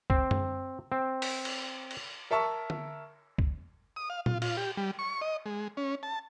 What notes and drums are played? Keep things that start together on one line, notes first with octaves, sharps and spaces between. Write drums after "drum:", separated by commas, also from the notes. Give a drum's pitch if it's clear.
C4, drum: kick
drum: tom F#2
C4
drum: open hi-hat
drum: cymbal
drum: cymbal
A#4 E5 A5 C#6
drum: tom D3
drum: kick
D#6
F5
F4, drum: tom A#2
F4, drum: cymbal
G4
G3
C#6
D#5
G#3
C#4
A5